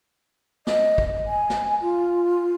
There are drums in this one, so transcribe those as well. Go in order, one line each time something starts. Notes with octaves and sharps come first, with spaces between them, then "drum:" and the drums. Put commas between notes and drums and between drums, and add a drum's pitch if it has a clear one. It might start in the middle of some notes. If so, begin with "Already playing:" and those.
D#5, drum: snare
drum: kick
G#5
drum: snare
F4